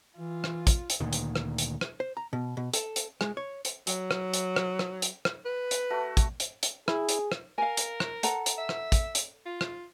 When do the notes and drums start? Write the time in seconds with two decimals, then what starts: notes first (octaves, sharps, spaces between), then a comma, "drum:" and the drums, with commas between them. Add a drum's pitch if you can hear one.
0.18 E3 F4
0.44 drum: rim click
0.67 drum: kick, hi-hat
0.90 drum: hi-hat
1.01 D2 A#2 D#3
1.13 drum: hi-hat
1.36 drum: rim click
1.58 drum: hi-hat
1.81 drum: rim click
2.00 C5
2.17 A#5
2.33 B2
2.57 B2
2.73 A4, drum: hi-hat
2.96 drum: hi-hat
3.21 G#3, drum: rim click
3.37 C#5
3.65 drum: hi-hat
3.87 F#3, drum: hi-hat
4.11 drum: rim click
4.34 drum: hi-hat
4.56 drum: rim click
4.79 drum: rim click
5.02 drum: hi-hat
5.25 drum: rim click
5.45 B4
5.71 drum: hi-hat
5.90 A3 F#4
6.17 drum: kick, hi-hat
6.40 drum: hi-hat
6.63 drum: hi-hat
6.88 E4 G#4, drum: rim click
7.09 drum: hi-hat
7.32 drum: rim click
7.58 A#4 F5 G#5
7.77 drum: hi-hat
8.00 drum: rim click
8.23 A4 F#5 A#5, drum: hi-hat
8.46 drum: hi-hat
8.58 E5
8.69 drum: rim click
8.92 drum: kick, hi-hat
9.15 drum: hi-hat
9.46 F4
9.61 drum: rim click